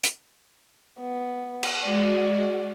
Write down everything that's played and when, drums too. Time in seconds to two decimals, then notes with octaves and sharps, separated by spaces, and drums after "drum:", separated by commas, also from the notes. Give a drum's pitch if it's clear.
0.03 drum: hi-hat
1.00 B3
1.63 drum: cymbal
1.84 G#3 F#4 D5